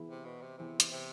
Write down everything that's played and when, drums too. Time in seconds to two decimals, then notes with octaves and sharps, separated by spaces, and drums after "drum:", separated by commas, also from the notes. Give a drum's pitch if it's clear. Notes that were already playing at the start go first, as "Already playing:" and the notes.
Already playing: E3 B3 E4 G#4
0.09 C3
0.25 B2
0.42 C3
0.58 C3 E3 B3 E4 G#4
0.80 drum: hi-hat
0.91 C3